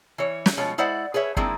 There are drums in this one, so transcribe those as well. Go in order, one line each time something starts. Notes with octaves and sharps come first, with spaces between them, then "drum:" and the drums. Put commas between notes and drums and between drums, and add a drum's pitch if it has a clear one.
E3 C#5
drum: snare
B2 F3 G#3 C#5
G#3 E4 C5 D5 E5 F#5
G#4 B4 C#5 E5
D#3 G#3 A#3 C4 D4 E4, drum: kick